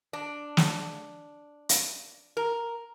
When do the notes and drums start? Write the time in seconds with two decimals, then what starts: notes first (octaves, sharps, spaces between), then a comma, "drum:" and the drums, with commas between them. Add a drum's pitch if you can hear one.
0.13 D4
0.57 drum: snare
1.69 drum: hi-hat
2.37 A#4